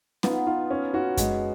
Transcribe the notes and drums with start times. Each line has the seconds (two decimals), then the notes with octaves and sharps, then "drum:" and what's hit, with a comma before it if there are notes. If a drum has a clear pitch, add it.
0.23 B3 D#4 F4, drum: snare C#4
0.47 F4
0.71 C#4
0.94 F#4
1.17 G#3, drum: kick F#2, hi-hat